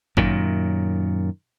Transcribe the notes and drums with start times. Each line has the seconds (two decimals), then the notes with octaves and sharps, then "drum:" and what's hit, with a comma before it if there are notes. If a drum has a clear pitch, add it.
0.17 F#2 A#2 D#3, drum: kick G1